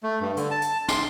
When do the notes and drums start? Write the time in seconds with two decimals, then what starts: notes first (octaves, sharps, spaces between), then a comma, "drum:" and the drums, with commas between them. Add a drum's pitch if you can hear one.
0.03 A3
0.21 G2
0.37 D3, drum: hi-hat
0.51 A5
0.62 drum: hi-hat
0.88 C6, drum: snare